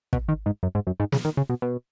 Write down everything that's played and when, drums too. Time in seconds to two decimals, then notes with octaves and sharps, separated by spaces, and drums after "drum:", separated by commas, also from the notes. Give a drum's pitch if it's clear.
0.13 B2, drum: kick
0.28 D#3
0.46 G#2
0.63 F#2
0.75 G#2
0.87 F#2
1.00 G#2
1.12 C#3, drum: snare
1.25 D#3
1.37 C#3
1.50 B2
1.62 B2